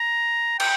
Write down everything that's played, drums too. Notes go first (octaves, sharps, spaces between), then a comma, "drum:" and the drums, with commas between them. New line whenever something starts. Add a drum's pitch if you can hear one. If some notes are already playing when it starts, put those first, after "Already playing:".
Already playing: A#5
G5, drum: cymbal